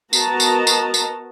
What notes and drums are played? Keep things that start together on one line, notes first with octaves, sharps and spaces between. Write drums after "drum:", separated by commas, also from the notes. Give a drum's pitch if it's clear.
B3 F#4 A#4 D#5 A5 A#5, drum: tambourine
drum: tambourine
drum: tambourine
drum: tambourine